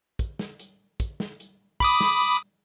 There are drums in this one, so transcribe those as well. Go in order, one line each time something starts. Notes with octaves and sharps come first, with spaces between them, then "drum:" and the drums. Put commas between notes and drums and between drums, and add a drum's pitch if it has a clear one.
drum: kick, hi-hat
drum: snare
drum: hi-hat
drum: kick, hi-hat
drum: snare
drum: hi-hat
B5 D6 D#6, drum: kick, hi-hat
drum: snare
drum: hi-hat